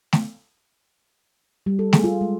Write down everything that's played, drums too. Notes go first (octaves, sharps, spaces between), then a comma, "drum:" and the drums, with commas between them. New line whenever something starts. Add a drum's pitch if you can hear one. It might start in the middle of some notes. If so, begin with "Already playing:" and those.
drum: snare A3
G3
A4
G#4, drum: snare A3
F4
G#3